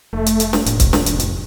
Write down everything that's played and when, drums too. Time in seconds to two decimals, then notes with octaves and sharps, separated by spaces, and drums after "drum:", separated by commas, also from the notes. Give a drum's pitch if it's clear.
0.13 F1 A3
0.26 drum: hi-hat
0.40 drum: hi-hat
0.53 drum: snare
0.66 F1 A2, drum: hi-hat
0.80 drum: kick C#1, hi-hat
0.93 drum: snare
1.06 drum: hi-hat
1.20 drum: hi-hat